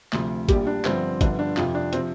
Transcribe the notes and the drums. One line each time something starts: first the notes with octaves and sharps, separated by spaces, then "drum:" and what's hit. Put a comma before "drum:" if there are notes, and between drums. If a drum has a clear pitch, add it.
D2 C3 F3, drum: clap
A#1 A#2 G3 G4, drum: kick G1, hi-hat
D4
G1 G2 D3 F3 C4, drum: clap
G1 G2 D3 F3 D4, drum: kick G1, hi-hat
D4
F2 C3 F3 F4, drum: clap
D4
C3 F3 C4, drum: hi-hat